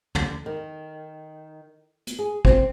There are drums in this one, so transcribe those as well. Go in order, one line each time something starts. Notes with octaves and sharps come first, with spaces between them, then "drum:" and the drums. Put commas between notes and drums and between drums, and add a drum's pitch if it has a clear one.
D3, drum: tom
D#3
drum: hi-hat
G#4
C4, drum: kick G#1